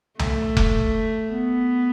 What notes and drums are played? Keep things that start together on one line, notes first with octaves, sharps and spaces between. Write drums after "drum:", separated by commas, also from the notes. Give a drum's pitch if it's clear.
A3, drum: tom C2
drum: kick F1
B3